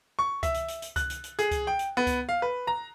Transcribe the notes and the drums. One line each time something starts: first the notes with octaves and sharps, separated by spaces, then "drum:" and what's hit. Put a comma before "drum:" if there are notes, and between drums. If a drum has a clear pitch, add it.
C#6
E5, drum: kick C#2, hi-hat
drum: hi-hat
drum: hi-hat
drum: hi-hat
F#6, drum: kick C#2, hi-hat
drum: hi-hat
drum: hi-hat
G#4, drum: hi-hat
drum: kick C#2, hi-hat
G5
drum: hi-hat
B3
drum: kick C#2, hi-hat
F5
B4
A#5